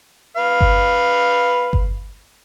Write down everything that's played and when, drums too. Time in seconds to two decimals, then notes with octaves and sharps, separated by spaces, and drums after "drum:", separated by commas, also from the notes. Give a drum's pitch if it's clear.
0.37 B4 F5
0.61 drum: kick G1
1.73 drum: kick G1